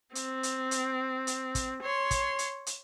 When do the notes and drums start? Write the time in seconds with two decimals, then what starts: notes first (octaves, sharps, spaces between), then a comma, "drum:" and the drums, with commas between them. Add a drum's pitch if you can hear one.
0.15 C4, drum: hi-hat
0.43 drum: hi-hat
0.71 drum: hi-hat
1.27 drum: hi-hat
1.55 drum: kick, hi-hat
1.82 C#5 C6
2.11 drum: kick, hi-hat
2.39 drum: hi-hat
2.67 drum: hi-hat